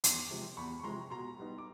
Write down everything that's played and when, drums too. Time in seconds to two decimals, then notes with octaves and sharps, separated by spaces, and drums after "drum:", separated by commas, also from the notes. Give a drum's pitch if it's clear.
0.04 E2 C6 D6, drum: hi-hat
0.31 C3 F3 G#3
0.57 E2 B5 C#6
0.80 C#6
0.84 C3 F3 G#3 A#5 C6
1.10 B2 A#5 C6
1.38 G3 B3 D#4
1.58 D6